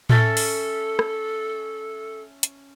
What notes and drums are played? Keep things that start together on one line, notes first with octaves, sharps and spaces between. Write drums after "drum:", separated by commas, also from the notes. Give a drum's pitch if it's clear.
C#4 A4 E5 A5, drum: tom A2
drum: open hi-hat
drum: rim click
drum: hi-hat